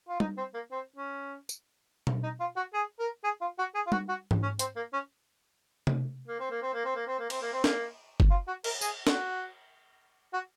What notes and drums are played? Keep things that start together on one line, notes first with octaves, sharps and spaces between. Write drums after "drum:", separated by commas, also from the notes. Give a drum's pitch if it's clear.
F4
D#4, drum: tom G3
C4
A#3
C4
C#4
drum: tambourine
drum: tom B2
D#4
F4
F#4
G#4
A#4
G#4
F4
F#4
G#4
F4
F#4, drum: tom G3
F#4
drum: tom G#2
C#4
C4, drum: hi-hat
A#3
C#4
drum: tom C3
A#3
C4
A#3
C4
A#3
C4
A#3
C4
A#3
C4, drum: cymbal
A#3
C4
A#3, drum: snare
drum: kick F#1
F4
F#4
A#4, drum: cymbal
G#4, drum: tambourine
F#4, drum: snare
F#4